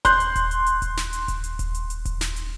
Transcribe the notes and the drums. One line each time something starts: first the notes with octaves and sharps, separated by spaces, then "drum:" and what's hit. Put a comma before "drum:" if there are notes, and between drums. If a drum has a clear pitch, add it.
C6 F#6 G6, drum: kick D#1, hi-hat
drum: hi-hat
drum: kick D#1, hi-hat
drum: hi-hat
drum: hi-hat
drum: kick D#1, hi-hat
drum: snare
drum: hi-hat
drum: kick D#1, hi-hat
drum: hi-hat
drum: kick D#1, hi-hat
drum: hi-hat
drum: hi-hat
drum: kick D#1, hi-hat
drum: snare
drum: hi-hat